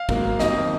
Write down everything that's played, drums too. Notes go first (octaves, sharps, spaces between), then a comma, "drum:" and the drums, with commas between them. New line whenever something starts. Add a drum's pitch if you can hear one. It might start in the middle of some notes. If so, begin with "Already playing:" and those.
Already playing: F5
G#2 F#3 A#3, drum: kick
F2 D#3 A#3 D#5, drum: snare